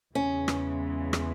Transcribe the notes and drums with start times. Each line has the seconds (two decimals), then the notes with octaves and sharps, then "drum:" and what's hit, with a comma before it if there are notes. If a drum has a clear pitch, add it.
0.15 E2 C#3 E3 G#3 C#4
0.48 drum: rim click
1.13 drum: rim click